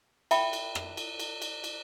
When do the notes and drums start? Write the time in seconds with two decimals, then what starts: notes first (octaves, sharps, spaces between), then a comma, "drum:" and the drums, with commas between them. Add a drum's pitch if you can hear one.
0.31 E5 G5 B5, drum: cymbal
0.53 drum: cymbal
0.75 drum: rim click
0.97 drum: cymbal
1.20 drum: cymbal
1.42 drum: cymbal
1.64 drum: cymbal